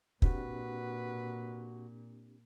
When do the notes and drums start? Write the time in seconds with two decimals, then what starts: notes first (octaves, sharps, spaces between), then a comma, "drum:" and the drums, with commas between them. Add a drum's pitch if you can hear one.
0.22 A#2 C4 D4 F#4 G4 B4, drum: kick